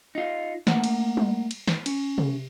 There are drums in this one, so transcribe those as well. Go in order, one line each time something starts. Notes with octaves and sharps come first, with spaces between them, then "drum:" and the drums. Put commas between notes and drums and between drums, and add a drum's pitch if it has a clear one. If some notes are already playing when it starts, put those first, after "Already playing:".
D#4 F4
A3 A#3 F#5, drum: snare
drum: cymbal
drum: tom G3
drum: cymbal
drum: snare
C#4, drum: cymbal
drum: tom C3